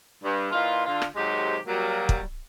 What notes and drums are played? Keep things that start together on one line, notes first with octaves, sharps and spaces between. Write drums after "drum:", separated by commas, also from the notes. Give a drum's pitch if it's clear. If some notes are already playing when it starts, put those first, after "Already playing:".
G2
A#2 E3 D#4 F4
D3 F4
drum: rim click
G#2 C3 D#3 F#3 G#3 G4
F#3 G3 A#3
drum: kick